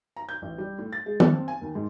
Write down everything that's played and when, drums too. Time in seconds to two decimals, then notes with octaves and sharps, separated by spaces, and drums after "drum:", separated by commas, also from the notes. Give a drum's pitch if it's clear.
0.17 A#5
0.29 G6
0.42 A1
0.58 G3
0.79 A2
0.93 A6
1.06 G#3
1.20 A5, drum: tom
1.34 C4
1.48 G#5
1.61 D#2
1.75 G#2